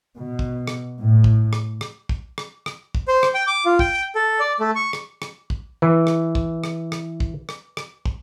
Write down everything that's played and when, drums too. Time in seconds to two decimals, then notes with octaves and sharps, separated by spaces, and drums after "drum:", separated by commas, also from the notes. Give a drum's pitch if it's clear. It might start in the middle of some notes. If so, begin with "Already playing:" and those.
0.15 B2
0.39 drum: kick
0.68 drum: rim click
1.00 A2
1.24 drum: kick
1.53 drum: rim click
1.81 drum: rim click
2.09 drum: kick
2.38 drum: rim click
2.66 drum: rim click
2.95 drum: kick
3.08 C5
3.23 drum: rim click
3.34 G5
3.47 D6
3.66 F4
3.79 G5, drum: kick
4.15 A4
4.40 D5
4.60 A3
4.76 C#6
4.93 drum: rim click
5.22 drum: rim click
5.50 drum: kick
5.82 E3 B4
6.07 drum: rim click
6.35 drum: kick
6.64 drum: rim click
6.92 drum: rim click
7.20 drum: kick
7.49 drum: rim click
7.77 drum: rim click
8.05 drum: kick